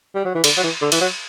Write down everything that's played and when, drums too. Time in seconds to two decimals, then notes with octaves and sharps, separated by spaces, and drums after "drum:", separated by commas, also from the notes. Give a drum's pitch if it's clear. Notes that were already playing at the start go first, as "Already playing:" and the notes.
0.15 G3
0.25 F#3
0.35 E3
0.44 D3, drum: cymbal
0.57 F#3
0.63 E3
0.81 D3
0.92 E3, drum: cymbal
1.01 F#3